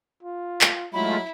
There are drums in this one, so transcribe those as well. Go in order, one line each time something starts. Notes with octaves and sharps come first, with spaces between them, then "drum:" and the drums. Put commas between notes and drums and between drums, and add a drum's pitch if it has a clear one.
F4
drum: clap
F#3 G#3 A3 E4 F4 B5